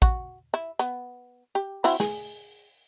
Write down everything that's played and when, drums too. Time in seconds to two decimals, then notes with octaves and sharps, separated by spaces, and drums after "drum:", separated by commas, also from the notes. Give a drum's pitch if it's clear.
0.02 F#4, drum: kick
0.54 E4
0.79 B3, drum: hi-hat
1.55 G4
1.84 C4 E4 F#4, drum: open hi-hat
2.00 G#4, drum: snare